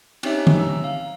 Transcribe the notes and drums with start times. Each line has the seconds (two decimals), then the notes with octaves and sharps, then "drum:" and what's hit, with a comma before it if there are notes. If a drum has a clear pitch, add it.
0.23 C4 C#4 D#4 G4 C#5 E5, drum: cymbal
0.47 drum: tom
0.58 A#5 E6
0.84 F5